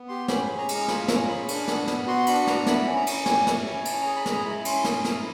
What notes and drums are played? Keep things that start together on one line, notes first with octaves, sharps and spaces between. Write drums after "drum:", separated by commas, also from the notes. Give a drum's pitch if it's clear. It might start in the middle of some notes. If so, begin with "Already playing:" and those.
Already playing: B3
G4 C6
C#4 B5, drum: snare
G#4 B5
A#5
G#3 A#5, drum: cymbal
F4 B5, drum: snare
C#4 A#5, drum: snare
G#4 B5
D4, drum: cymbal
B3, drum: snare
B3, drum: snare
F#4 C6
D4 B5, drum: cymbal
B3 A#5, drum: snare
E4 B5, drum: snare
C#4
A#5
C#4, drum: cymbal
G4 G#5, drum: snare
E4, drum: snare
C#4
C#4 A5, drum: cymbal
G#4 A#5
B5
G#3 A#5, drum: snare
E4 B5
C#4 C6, drum: cymbal
G#4, drum: snare
E4 A#5, drum: snare